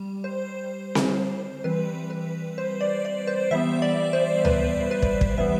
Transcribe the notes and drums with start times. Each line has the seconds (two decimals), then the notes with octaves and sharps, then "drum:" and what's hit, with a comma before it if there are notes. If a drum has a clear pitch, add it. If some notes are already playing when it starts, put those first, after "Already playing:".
Already playing: G3
0.24 C5
0.95 drum: snare C4
1.64 E3 G3 C4 B4
2.10 B4
2.58 C5
2.81 D5
3.05 D5
3.27 C5
3.51 E3 G3 B3 E5
3.82 D5
4.13 C5
4.45 B4, drum: tom C#2
4.91 B4
5.02 drum: kick
5.21 drum: kick
5.38 E3 G3 B3 E5